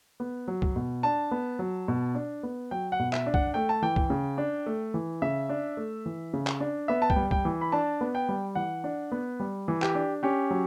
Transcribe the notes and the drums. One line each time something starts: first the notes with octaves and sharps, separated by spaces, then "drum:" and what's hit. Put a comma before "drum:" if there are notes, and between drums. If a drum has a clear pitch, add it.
B3
F#3
drum: kick
B2
D4 A5
B3
F#3
B2
D4
B3
F#3 G5
F#5
B2
E5, drum: clap
D4
F#5, drum: kick
A3 G5
A5
E3 G5
drum: kick
C#3
D4
A3
E3
C#3 E5
D4
A3
E3
C#3
drum: clap
D4
B3 E5
A5
G5, drum: kick
G3
G5, drum: kick
E3
B5
D4 A5
B3
G5
G3
E3 F#5
D4
B3
G3
E3
G4, drum: clap
D4
C#4 G4
F#3